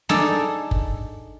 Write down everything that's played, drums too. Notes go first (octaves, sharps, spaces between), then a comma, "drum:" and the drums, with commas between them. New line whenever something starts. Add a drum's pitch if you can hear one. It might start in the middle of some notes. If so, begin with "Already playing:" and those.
D4 D#4 G#4 A4, drum: snare
drum: kick